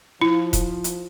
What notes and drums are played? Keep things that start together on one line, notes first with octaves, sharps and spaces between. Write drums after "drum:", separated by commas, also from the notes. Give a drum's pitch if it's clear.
F3 E4
drum: kick E1, hi-hat
drum: hi-hat